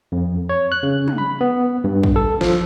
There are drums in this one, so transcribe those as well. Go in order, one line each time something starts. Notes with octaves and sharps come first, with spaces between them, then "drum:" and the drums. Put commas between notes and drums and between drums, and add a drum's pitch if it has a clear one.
F2
C#5
F#6
C#3
drum: tom
B5
B3
G2
drum: kick
A4
F3, drum: snare